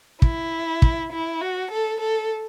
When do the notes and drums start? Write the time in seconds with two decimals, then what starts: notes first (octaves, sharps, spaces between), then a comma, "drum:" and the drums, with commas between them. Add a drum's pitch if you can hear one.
0.22 E4, drum: kick
0.82 drum: kick
1.12 E4
1.41 F#4
1.71 A4
2.00 A4